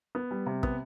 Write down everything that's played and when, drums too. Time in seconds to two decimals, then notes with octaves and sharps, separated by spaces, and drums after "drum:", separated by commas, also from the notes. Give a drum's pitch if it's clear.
0.15 B3
0.31 G3
0.46 C3
0.63 B3, drum: kick